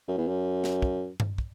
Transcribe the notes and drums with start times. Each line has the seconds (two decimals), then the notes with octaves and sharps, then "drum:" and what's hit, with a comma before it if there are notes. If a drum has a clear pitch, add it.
0.08 F#2
0.18 E2
0.28 F#2
0.64 drum: snare
0.82 drum: kick
1.20 drum: tom G2
1.38 drum: kick